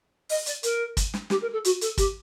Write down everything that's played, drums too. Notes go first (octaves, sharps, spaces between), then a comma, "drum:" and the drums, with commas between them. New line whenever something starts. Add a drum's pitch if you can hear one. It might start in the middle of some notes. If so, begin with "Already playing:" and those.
D#5, drum: open hi-hat
D5, drum: hi-hat
A#4, drum: hi-hat
drum: kick, hi-hat
drum: snare
G4, drum: snare
A#4
A4
F#4, drum: hi-hat
A4, drum: hi-hat
G4, drum: kick, hi-hat